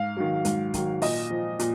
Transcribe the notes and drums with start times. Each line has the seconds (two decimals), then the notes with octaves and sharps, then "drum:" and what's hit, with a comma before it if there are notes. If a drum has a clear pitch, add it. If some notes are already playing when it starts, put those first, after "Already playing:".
Already playing: G#2 F5
0.16 D#3 F#3
0.45 G#2, drum: hi-hat
0.74 D#3 F#3, drum: kick, hi-hat
1.02 A#2 D#5, drum: open hi-hat
1.31 F3
1.59 A#2, drum: hi-hat